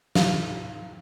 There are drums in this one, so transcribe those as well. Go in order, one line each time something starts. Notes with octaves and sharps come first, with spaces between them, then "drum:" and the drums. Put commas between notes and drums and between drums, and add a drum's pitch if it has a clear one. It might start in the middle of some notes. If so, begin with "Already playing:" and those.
F5, drum: snare